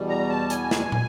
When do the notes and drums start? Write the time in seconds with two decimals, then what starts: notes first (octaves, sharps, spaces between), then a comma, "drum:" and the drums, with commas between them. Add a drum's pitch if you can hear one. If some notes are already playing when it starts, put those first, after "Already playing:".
Already playing: E2 B2 G3
0.09 A#5
0.29 A5
0.50 G#5, drum: hi-hat
0.71 drum: snare
0.92 drum: tom